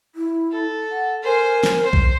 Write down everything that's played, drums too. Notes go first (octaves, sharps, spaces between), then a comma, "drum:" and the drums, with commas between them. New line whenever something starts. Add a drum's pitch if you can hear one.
E4
A4
F#5
A#4 C5 G#5
drum: snare
C5
drum: kick